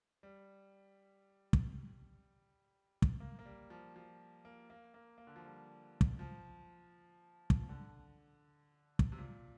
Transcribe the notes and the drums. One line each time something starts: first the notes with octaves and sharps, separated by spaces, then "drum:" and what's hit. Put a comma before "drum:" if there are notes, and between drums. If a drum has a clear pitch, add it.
G3
drum: kick
drum: kick
A#3
A#3
G3
F3
F3
A#3
A#3
A#3
A#3
D3
F3
G3
drum: kick
F3
drum: kick
F3
D3
drum: kick
C3
A#2